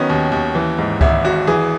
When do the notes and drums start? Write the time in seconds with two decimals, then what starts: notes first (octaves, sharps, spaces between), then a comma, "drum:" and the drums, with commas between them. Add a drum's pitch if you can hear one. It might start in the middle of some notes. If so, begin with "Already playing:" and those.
Already playing: D#3 F#3 B3 C#4
0.10 D#2
0.32 D#2
0.55 E3
0.78 G#2
1.01 G#1 E4, drum: kick C#2
1.25 G#1 F#4
1.47 E3 G#4